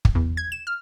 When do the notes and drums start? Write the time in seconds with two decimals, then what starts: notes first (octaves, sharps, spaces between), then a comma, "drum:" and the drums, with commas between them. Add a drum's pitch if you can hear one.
0.05 drum: kick
0.15 E2
0.37 G#6
0.52 E7
0.67 F6